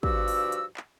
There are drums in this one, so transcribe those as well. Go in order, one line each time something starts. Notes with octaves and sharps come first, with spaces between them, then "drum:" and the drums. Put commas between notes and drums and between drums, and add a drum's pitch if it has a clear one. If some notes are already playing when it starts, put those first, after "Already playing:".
G2 F3 F#4 G4 E6, drum: kick
drum: open hi-hat
drum: hi-hat
drum: clap